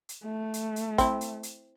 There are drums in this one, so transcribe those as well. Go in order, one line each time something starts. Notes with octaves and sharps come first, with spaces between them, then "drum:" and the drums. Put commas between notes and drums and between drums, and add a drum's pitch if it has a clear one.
drum: hi-hat
A3
drum: hi-hat
drum: hi-hat
C4 E4, drum: kick, hi-hat
drum: hi-hat
drum: hi-hat